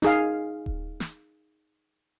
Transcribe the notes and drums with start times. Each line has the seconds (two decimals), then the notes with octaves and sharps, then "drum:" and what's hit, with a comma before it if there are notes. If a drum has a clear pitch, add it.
0.02 D#4 G#4 F5, drum: snare
0.66 drum: kick D#1
1.00 drum: snare